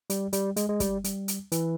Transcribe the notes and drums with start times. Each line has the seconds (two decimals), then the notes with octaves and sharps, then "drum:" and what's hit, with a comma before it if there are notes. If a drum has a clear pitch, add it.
0.10 G3, drum: hi-hat
0.33 G3, drum: hi-hat
0.56 G#3, drum: hi-hat
0.69 G#3
0.80 G3, drum: kick, hi-hat
1.04 G3, drum: hi-hat
1.28 drum: hi-hat
1.52 E3, drum: hi-hat